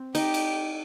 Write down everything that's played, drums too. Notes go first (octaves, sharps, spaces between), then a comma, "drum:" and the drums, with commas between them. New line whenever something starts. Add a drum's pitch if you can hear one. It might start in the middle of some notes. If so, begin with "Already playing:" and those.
Already playing: C4
D#4 G4, drum: cymbal
drum: cymbal